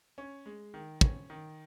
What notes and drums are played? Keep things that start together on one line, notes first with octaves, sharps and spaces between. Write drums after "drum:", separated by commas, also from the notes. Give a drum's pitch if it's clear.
C#4
G#3
D#3
C#4, drum: kick
D#3